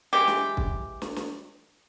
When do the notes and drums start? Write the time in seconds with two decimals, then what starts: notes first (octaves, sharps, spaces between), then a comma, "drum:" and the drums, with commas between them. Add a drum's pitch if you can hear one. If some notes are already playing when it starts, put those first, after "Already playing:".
0.13 E3 G#3 G4
0.27 drum: snare
0.57 drum: kick
1.02 drum: snare
1.16 drum: snare